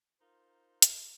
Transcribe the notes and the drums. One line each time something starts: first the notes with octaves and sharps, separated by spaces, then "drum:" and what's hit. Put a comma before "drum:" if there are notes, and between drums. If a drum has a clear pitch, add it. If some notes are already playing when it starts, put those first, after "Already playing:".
D#4 F4 A#4 C5
drum: hi-hat